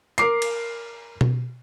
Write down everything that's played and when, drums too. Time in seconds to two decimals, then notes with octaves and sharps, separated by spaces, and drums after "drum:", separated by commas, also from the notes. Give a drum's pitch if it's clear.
0.18 A#4 D6 C7, drum: hi-hat
0.42 drum: cymbal
1.21 drum: tom B2